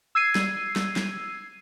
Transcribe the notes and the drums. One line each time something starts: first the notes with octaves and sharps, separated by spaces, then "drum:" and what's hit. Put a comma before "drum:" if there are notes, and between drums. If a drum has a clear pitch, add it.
E6 G#6 C7 D#7
drum: snare
drum: snare
drum: snare